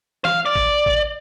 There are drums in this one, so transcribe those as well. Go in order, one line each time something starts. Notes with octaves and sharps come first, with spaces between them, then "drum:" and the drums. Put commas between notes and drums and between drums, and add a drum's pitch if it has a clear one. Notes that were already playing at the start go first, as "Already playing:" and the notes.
F5, drum: snare
D5
drum: kick
drum: kick